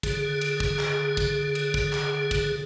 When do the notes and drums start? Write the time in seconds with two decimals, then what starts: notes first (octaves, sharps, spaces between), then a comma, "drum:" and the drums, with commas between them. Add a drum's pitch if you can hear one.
0.03 D3 G#4, drum: kick, cymbal
0.41 drum: cymbal
0.60 drum: kick
0.79 drum: clap
1.17 drum: kick, cymbal
1.55 drum: cymbal
1.74 drum: kick
1.93 drum: clap
2.31 drum: kick, cymbal